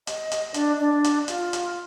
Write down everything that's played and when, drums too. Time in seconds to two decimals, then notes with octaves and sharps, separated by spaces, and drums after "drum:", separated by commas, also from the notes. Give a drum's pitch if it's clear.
0.07 D#5, drum: hi-hat
0.32 drum: hi-hat
0.54 D4, drum: hi-hat
0.79 D4
1.04 drum: hi-hat
1.28 F4, drum: hi-hat
1.53 drum: hi-hat